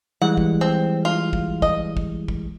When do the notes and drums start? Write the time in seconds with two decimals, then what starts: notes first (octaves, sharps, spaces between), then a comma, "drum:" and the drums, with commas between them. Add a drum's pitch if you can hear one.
0.22 E3 G3 G#3 F#5
0.37 drum: kick
0.61 C4
1.05 F4
1.33 drum: kick
1.62 D#5, drum: kick
1.97 drum: kick
2.28 drum: kick